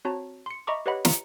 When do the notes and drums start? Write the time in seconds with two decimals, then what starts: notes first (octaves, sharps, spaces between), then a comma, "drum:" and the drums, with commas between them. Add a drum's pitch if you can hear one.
0.05 C4 F#4 C#5 A5 A#5
0.46 C6 C#7
0.67 D#5 E5 A#5 B5 C#6 D6
0.86 G4 B4 C#5 D#5 F#5 B5
1.05 A#5 C#7, drum: snare